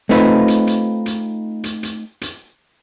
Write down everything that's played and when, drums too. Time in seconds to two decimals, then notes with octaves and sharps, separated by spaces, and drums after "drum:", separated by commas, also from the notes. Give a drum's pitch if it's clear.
0.09 A3 C4 D#4 F4 B4
0.48 drum: hi-hat
0.67 drum: hi-hat
1.06 drum: hi-hat
1.64 drum: hi-hat
1.83 drum: hi-hat
2.21 drum: hi-hat